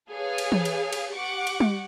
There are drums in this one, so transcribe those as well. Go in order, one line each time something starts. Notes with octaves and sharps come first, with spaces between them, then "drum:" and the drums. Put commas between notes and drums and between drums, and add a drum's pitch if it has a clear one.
G#4 A4 B4 C#5 F5 G#5
drum: cymbal
drum: tom E3
drum: cymbal
drum: cymbal
G4 F#5 C#6 D6
drum: cymbal
drum: tom G3